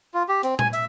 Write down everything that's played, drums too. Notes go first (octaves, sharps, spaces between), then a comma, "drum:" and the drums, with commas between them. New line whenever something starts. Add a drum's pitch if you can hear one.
F4
G4
C4, drum: hi-hat
G#5, drum: tom A#2
E5, drum: hi-hat